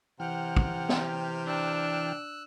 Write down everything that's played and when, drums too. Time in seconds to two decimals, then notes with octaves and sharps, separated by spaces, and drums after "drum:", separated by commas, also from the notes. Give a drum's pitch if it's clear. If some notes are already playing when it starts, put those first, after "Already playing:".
0.20 C3 E3 F#5 G5 F6
0.56 drum: kick
0.89 drum: snare
1.47 D4 E6 F#6